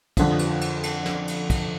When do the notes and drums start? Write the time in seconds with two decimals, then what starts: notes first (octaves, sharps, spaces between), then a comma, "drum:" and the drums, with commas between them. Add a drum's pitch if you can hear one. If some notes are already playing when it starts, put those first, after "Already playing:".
0.17 F2 D3 F3, drum: kick, cymbal
0.39 drum: cymbal
0.61 drum: cymbal
0.83 drum: cymbal
1.06 drum: snare
1.28 drum: cymbal
1.50 drum: kick, cymbal